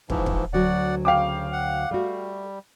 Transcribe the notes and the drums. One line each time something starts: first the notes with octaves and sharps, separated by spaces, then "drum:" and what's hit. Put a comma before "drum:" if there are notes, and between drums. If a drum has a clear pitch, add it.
G#2 E3 F3, drum: kick
drum: kick
D2 F#3 F#4 D5 F#5
C#3 F5 G5 D6
F#5
G3 A3 F#4